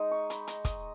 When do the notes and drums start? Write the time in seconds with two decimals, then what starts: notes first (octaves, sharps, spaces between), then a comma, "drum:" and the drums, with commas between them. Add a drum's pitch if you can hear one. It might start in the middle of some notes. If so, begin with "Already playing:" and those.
Already playing: G#3 D#4 D#6
0.11 C#6
0.30 B5, drum: hi-hat
0.47 A#5, drum: hi-hat
0.65 D#6, drum: kick, hi-hat